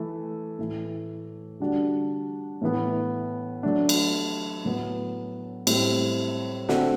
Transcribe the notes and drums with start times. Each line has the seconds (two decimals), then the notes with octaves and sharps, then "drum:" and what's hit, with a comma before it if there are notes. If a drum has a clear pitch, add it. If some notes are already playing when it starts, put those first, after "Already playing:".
Already playing: E3 A3
0.59 A2 E3 A3
1.60 D3 G3 D4 F#4
2.61 A2 E3 B3
3.63 F#3 A3 D4
3.89 drum: cymbal
4.65 A2 F#3 B3
5.67 A2 G3 C4 E4, drum: cymbal
6.69 D3 A3 C4 F#4, drum: snare